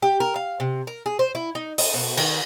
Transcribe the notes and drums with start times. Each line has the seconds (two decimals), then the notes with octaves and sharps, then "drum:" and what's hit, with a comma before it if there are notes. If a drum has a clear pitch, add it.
0.02 G4
0.20 A#4
0.36 F5
0.60 C3
0.87 A#4
1.06 G#4
1.19 C5
1.35 E4
1.55 D#4
1.78 D#5, drum: open hi-hat
1.94 B2
2.17 D#3, drum: cymbal